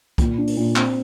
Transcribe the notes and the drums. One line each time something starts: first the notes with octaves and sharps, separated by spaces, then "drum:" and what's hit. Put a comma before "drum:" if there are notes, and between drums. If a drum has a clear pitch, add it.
A#2, drum: kick, hi-hat
D4
drum: open hi-hat
A#2
C4, drum: clap